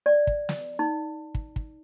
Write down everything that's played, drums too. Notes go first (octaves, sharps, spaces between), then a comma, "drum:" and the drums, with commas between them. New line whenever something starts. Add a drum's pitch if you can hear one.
D5
drum: kick
drum: snare
D#4
drum: kick
drum: kick